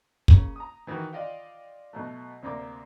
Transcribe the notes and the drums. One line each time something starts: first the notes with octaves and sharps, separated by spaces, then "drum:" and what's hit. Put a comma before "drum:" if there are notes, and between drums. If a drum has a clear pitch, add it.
C#3 A#3 C#4, drum: kick
A#5 D#6
D#3 E3 D#4 F#4
F4 D5 D#5 F5 G5
B2 F#3 A3
D2 C3 A#3 E5 D6